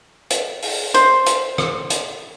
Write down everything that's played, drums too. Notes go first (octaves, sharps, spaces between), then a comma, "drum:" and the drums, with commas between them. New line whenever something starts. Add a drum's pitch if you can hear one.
drum: hi-hat
drum: open hi-hat
C5, drum: hi-hat
drum: hi-hat
drum: rim click
drum: hi-hat